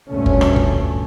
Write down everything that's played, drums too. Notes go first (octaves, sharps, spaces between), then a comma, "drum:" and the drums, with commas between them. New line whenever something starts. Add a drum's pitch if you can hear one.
D2 G2 A#2 A3 C#4
drum: kick G1
drum: rim click
drum: kick G1